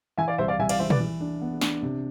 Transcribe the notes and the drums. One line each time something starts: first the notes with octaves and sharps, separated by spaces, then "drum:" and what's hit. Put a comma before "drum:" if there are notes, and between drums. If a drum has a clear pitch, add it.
E3 E5 G#5
D5 F5
C2 C5 E5
D5 F5
C2 E5 G#5
D5 F5, drum: cymbal
E3 C5 E5
B4 D5, drum: tom
E3
D4
B3
D4, drum: snare
C3